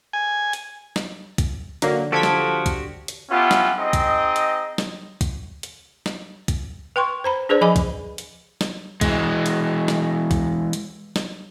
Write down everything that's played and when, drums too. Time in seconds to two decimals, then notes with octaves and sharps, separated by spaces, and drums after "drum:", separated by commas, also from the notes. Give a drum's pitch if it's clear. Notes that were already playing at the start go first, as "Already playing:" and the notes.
0.13 G#5
0.53 drum: hi-hat
0.96 drum: snare
1.38 drum: kick, hi-hat
1.82 D3 F#3 A#3 D5 A#6, drum: hi-hat
2.12 F3 F#4 G4 A4 G#6 B6
2.23 drum: snare
2.66 drum: kick, hi-hat
3.08 drum: hi-hat
3.30 B3 C#4 F4 G4 E5 F#5
3.51 drum: snare
3.78 C4 D#4 G#4 D#5
3.93 drum: kick, hi-hat
4.36 drum: hi-hat
4.78 drum: snare
5.21 drum: kick, hi-hat
5.63 drum: hi-hat
6.06 drum: snare
6.48 drum: kick, hi-hat
6.96 B4 G5 C6 C#6
7.24 C5 A#5 B5
7.49 D4 G#4 B4 C5 D5
7.61 F3 G#4 D#5 G#5 B5 D6
7.76 drum: kick, hi-hat
8.18 drum: hi-hat
8.61 drum: snare
9.01 E3 G#3, drum: kick, hi-hat
9.46 drum: hi-hat
9.88 drum: snare
10.31 drum: kick, hi-hat
10.73 drum: hi-hat
11.16 drum: snare